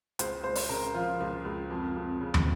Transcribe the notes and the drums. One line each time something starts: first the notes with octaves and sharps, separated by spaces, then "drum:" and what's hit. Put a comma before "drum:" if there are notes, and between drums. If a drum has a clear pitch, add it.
C#2 C5, drum: hi-hat
C#2 C5
drum: open hi-hat
C#3 A#4
F3 F4
C#2
C#2
F2
F2
C#3
drum: tom